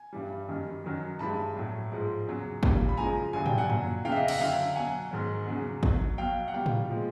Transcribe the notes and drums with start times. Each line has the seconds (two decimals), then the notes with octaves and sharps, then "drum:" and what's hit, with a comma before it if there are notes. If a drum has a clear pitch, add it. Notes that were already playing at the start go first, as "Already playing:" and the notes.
Already playing: G#5
0.13 G2 E3 G3
0.48 F#2 D#3 G3
0.84 F#2 D#3 F#3
1.19 G2 E3 G#3 A5 B5
1.56 A2 F#3
1.92 G#2 F3 G#3
2.27 E2 C#3 F#3
2.63 A#2 G3, drum: kick
2.89 B5
2.97 F#2 C#3 F3 G#3 G#5 A#5
3.33 G2 D3 F#3 G#5
3.46 G5, drum: tom A2
3.58 F#5 G#5
3.70 A#2 F#3, drum: tom F#2
4.05 E2 C#3 E3 F5 G5
4.12 E5
4.16 D#5 F5
4.28 E5 F#5, drum: cymbal
4.40 F#2 D3 F#3 F5 G5
4.76 B2 F#3 F#5 G#5
5.11 G#2 D#3 F#3
5.46 E2 C#3 F#3
5.83 B2 F#3, drum: kick
6.18 B2 F#3 F5 G5
6.48 F#5
6.54 B2 G3 F5 G5
6.66 drum: tom A2
6.89 A#2 F3 G#3